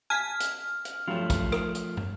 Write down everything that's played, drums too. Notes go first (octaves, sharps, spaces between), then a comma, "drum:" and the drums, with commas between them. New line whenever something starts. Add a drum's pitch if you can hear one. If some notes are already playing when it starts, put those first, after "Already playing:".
G#5 A5 F6 B6
drum: hi-hat
drum: hi-hat
G2 F3 F#3 A3
drum: kick, hi-hat
drum: rim click
drum: hi-hat
drum: tom